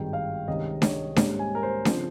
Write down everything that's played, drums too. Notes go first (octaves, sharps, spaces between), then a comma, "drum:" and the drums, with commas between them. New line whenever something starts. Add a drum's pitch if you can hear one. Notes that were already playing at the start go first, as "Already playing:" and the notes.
Already playing: G#1 G2 D#3 G#3 G5
F5
C2 C3 D#3 G#3 C#4 D#5
C#5, drum: snare D4
G#2 G3 A#3 C#4, drum: snare D4
G#5
A#4
C5
C#3 F3 C4, drum: snare D4